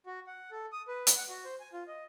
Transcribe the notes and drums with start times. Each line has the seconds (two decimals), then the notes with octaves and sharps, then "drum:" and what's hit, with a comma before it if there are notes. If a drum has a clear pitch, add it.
0.06 F#4
0.27 F#5
0.51 A4
0.72 D#6
0.88 B4
1.07 drum: hi-hat
1.16 F#5
1.29 F#4
1.44 C5
1.60 G#5
1.73 F4
1.88 D#5